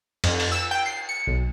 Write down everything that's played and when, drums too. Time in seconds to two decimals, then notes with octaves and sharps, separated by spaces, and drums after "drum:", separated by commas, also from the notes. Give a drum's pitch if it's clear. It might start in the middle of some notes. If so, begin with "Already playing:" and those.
0.24 F2, drum: cymbal
0.40 drum: open hi-hat
0.52 E6
0.71 G5
0.86 C7
1.09 C#7
1.27 B1